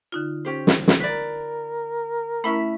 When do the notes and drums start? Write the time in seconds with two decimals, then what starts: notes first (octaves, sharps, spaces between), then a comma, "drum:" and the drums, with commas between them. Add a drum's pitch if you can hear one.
0.12 D3 D#4 F4
0.45 C#4 G4 C5
0.67 drum: snare
0.88 drum: snare
1.00 A#4 B4 D5
2.44 A3 C#4 E4 E5 B5 C#6